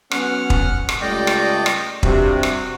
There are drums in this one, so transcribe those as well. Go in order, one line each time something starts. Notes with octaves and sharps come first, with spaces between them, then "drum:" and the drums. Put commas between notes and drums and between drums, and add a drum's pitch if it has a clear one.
F#3 B3 C#4 F#5 F6, drum: rim click
drum: kick
drum: rim click
C#2 G3 A3 D5 D#5 G5
drum: rim click
drum: rim click
G2 C3 F#4, drum: kick
drum: rim click